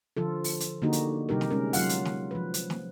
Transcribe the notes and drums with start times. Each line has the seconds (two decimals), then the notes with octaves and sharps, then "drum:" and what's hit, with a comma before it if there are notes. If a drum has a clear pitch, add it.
0.17 D3 F3 F4 A4
0.44 drum: open hi-hat
0.60 drum: hi-hat
0.82 D3 A#3 D#4 F#4 G4
0.93 drum: hi-hat
1.29 C3 G3 D#4 G4 A#4
1.41 drum: snare
1.51 G#3 C#4 A#4
1.73 F#3 F4 F5 F#5, drum: open hi-hat
1.89 drum: hi-hat
2.05 drum: snare
2.31 F3 B4
2.54 drum: hi-hat
2.70 drum: snare